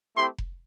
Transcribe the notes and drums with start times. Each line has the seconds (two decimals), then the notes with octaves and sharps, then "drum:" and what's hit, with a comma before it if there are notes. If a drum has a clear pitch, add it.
0.15 A3 C4 E4 G4 C6
0.38 drum: kick F1